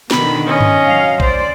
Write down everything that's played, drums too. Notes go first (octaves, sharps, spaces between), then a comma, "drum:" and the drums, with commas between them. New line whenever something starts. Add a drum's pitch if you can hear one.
B2 D3 D#3 B5, drum: snare
C#4 D#5
drum: tom G2
F#3 F5
C5 D5, drum: kick